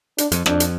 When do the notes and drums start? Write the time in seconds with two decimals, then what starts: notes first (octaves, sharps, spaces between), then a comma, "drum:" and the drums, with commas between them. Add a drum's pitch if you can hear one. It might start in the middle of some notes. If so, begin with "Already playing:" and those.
0.18 D4, drum: hi-hat
0.32 F2, drum: hi-hat
0.46 F2 D4, drum: rim click
0.60 drum: hi-hat